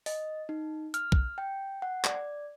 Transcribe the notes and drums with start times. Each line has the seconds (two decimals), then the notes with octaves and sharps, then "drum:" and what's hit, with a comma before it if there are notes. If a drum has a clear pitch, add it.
0.06 D#5, drum: open hi-hat
0.49 D#4
0.94 F6, drum: hi-hat
1.12 drum: kick
1.38 G5
1.82 F#5
2.04 D5, drum: clap